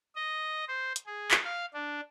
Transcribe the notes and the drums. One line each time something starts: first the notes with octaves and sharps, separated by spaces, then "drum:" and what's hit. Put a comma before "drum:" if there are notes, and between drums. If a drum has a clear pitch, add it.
D#5
C5
drum: hi-hat
G#4
drum: clap
F5
D4